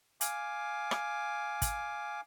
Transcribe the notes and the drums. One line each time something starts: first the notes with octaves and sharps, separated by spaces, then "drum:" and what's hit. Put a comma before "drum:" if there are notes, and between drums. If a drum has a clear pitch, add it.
F5 G#5 D6, drum: hi-hat
drum: rim click
drum: kick, hi-hat